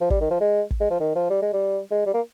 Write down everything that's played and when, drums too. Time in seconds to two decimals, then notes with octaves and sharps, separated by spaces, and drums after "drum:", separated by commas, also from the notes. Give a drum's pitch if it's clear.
0.01 F3
0.10 G3, drum: kick
0.21 D#3
0.30 F3
0.41 G#3
0.71 drum: kick
0.80 G#3
0.90 F3
1.00 D#3
1.15 F3
1.30 G3
1.42 G#3
1.53 G3
1.91 G#3
2.06 G3
2.14 A#3